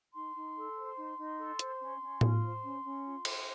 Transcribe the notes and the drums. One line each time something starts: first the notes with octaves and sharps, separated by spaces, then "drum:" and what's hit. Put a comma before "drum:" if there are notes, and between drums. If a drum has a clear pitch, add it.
D#4 C6
D#4
A4
C5
D#4
D#4
A4
C5, drum: hi-hat
C#4
C#4
F4, drum: tom A2
C5
C#4
C#4
F4
C5, drum: cymbal